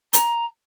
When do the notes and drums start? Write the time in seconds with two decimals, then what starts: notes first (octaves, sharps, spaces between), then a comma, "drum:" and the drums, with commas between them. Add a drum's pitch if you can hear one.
0.13 A#5, drum: hi-hat